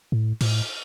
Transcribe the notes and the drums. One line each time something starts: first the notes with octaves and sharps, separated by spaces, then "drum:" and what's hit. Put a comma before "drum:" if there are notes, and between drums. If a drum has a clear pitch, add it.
A2
A2, drum: cymbal